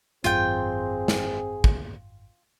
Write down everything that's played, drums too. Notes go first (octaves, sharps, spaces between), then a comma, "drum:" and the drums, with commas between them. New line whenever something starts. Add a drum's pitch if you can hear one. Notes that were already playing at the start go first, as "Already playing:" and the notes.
G#1 F#2 C4 F4 G#4 G5, drum: hi-hat
drum: snare
drum: kick